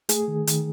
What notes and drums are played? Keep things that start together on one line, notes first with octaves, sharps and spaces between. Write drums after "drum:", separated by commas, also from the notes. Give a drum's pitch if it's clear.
A3 G#4, drum: hi-hat
D#3
D#3, drum: hi-hat